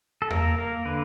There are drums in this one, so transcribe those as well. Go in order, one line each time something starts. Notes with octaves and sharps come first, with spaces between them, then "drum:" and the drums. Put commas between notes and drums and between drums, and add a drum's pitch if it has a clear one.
A4
A#3 A#4, drum: tom E2
A#3 A#4
D3 B4